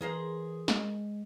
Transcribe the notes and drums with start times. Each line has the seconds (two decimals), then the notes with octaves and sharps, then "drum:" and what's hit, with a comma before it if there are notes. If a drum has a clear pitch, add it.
0.01 E3 G#4 A#4 C5
0.68 G#3, drum: snare